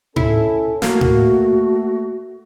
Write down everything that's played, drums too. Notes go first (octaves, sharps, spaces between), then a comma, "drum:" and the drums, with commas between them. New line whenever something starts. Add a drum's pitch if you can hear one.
C#4 E4 A4, drum: tom A2
A3 A#3 F#4, drum: snare
drum: tom A2